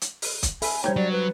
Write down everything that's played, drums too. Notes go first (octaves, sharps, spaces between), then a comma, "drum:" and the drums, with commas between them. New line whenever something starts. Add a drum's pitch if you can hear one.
drum: hi-hat
drum: open hi-hat
drum: kick, hi-hat
A4 E5 G#5 B5, drum: open hi-hat
G3 C5 C#5 G5 A#5, drum: snare
F#3 D5
B4